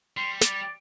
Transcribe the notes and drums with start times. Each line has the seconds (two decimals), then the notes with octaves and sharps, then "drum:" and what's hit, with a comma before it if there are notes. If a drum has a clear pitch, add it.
0.17 G3 C6
0.41 D5, drum: snare